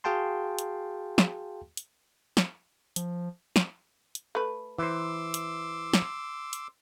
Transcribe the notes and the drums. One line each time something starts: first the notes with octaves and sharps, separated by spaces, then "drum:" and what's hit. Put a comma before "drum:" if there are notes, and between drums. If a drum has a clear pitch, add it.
F#4 G#4 F5 G5 A5 C6
drum: hi-hat
drum: snare
drum: hi-hat
drum: snare
F3, drum: hi-hat
drum: snare
drum: hi-hat
A3 B4
E3 C5 C6 D6 E6
drum: hi-hat
drum: snare
drum: hi-hat